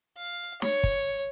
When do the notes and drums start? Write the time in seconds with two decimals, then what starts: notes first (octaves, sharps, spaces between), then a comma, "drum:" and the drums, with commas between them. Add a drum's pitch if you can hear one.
0.17 F5
0.62 C#5, drum: snare
0.84 drum: kick